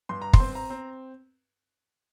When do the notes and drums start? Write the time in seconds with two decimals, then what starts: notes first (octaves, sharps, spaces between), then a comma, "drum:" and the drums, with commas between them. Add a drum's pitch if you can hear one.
0.09 G2 C6
0.22 A#5
0.33 C6, drum: kick
0.40 C4
0.55 A#5
0.70 C4